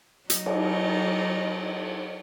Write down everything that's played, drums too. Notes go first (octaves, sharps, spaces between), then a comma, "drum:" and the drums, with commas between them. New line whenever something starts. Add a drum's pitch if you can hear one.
F#3 D#4, drum: hi-hat
drum: cymbal